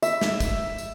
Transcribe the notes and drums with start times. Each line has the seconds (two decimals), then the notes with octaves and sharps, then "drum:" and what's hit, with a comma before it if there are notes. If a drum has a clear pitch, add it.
0.02 E5, drum: tambourine
0.21 drum: snare
0.40 drum: kick, tambourine
0.78 drum: tambourine